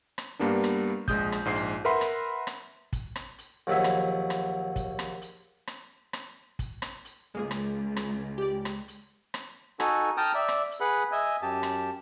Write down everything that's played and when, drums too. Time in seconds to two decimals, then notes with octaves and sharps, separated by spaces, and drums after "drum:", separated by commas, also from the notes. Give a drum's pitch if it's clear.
0.18 drum: rim click
0.39 G2 G3 A#3 B3 D4
0.64 drum: rim click
1.08 A#1 G#3 D#6 G6, drum: kick, hi-hat
1.32 drum: rim click
1.45 A#1 G#2 G#4 C7
1.55 drum: hi-hat
1.85 A#4 B4 E5 F#5 B5 C6
2.01 drum: rim click
2.47 drum: rim click
2.93 drum: kick, hi-hat
3.16 drum: rim click
3.38 drum: hi-hat
3.67 A#1 D#2 F#3 E5 G#5
3.84 drum: rim click
4.30 drum: rim click
4.76 drum: kick, hi-hat
4.99 drum: rim click
5.22 drum: hi-hat
5.67 drum: rim click
6.13 drum: rim click
6.59 drum: kick, hi-hat
6.82 drum: rim click
7.05 drum: hi-hat
7.35 C#2 G#3 A#3 G#4
7.51 drum: rim click
7.96 drum: rim click
8.38 G4 D5
8.65 drum: rim click
8.88 drum: hi-hat
9.34 drum: rim click
9.80 D#4 F#4 A4 G#5, drum: rim click
10.17 G5 A5 A#5 D#6 F6
10.34 D5 E5
10.48 drum: rim click
10.71 drum: hi-hat
10.80 G#4 B4 F#5 B5
11.12 D#5 E5 G#5
11.42 F#2 G4 A5
11.63 drum: rim click